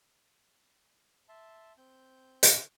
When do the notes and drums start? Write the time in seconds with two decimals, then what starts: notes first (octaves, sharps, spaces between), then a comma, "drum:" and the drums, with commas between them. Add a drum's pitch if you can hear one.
1.29 E5 A5 C6
1.78 C4 G6
2.43 drum: hi-hat